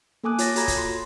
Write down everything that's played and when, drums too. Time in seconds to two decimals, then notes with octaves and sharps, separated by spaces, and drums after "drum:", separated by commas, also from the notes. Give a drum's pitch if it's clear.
0.24 A#3 A4 G#5 D6 D#6 F#6
0.38 F4 C#5 A6 A#6, drum: hi-hat
0.56 F#4 A4 A#5 B5 G#6 A#6, drum: hi-hat
0.68 drum: kick, hi-hat
0.78 C6